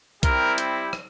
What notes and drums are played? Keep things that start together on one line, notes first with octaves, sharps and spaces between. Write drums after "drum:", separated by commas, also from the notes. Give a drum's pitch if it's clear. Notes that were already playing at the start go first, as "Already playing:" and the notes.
G3 C4 E4 G4 A#4, drum: kick B1, hi-hat
drum: hi-hat
drum: rim click